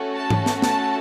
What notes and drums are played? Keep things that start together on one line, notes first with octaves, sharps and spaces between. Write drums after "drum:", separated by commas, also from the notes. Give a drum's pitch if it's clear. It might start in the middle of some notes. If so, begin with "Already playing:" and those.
Already playing: A3 C#4 F#4 A4
A5
drum: tom G#2
drum: snare
A5, drum: snare